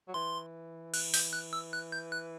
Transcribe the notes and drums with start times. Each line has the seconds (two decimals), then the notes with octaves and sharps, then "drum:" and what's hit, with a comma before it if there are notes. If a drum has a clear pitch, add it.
0.08 F#3
0.14 E3 C6
0.94 F#6, drum: cymbal
1.14 G6, drum: open hi-hat
1.33 F#6
1.53 E6
1.73 F#6
1.92 G6
2.12 F#6